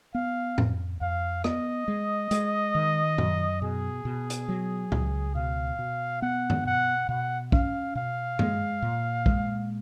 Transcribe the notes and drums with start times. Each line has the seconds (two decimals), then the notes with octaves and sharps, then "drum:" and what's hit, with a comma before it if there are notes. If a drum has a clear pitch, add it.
0.15 B3 F5
0.58 F2, drum: tom A2
1.01 F2 F5
1.44 B3 D#5, drum: rim click
1.88 G#3
2.31 G#3, drum: hi-hat
2.75 D#3
3.18 F#2, drum: tom A#2
3.62 B2 G#4
4.05 B2
4.30 drum: hi-hat
4.49 F#3
4.92 C#2, drum: tom A#2
5.35 B2 F5
5.79 B2
6.22 B3 F#5
6.50 drum: tom G2
6.65 B2 F#5
7.09 B2 F#5
7.52 C#4 F5, drum: kick
7.95 B2 F5
8.39 G#3, drum: tom G2
8.82 A#2
9.26 G#3, drum: kick